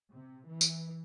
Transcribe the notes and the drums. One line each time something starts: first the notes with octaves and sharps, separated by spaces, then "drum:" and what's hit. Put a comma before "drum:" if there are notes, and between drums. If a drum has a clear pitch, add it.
C3
E3
drum: tambourine